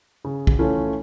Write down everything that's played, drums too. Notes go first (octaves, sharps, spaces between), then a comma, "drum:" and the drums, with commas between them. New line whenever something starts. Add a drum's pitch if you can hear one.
C#3
drum: kick
E3 A3 C#4 F4